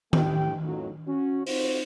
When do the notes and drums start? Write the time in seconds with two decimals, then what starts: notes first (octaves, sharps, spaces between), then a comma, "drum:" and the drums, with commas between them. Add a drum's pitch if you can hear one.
0.13 A2 A3 G4 G5, drum: tom D#3
0.63 A1 F2 D#3 F#3
1.08 C#4 F#4
1.47 C4 D#4 F4 F#4 C5, drum: open hi-hat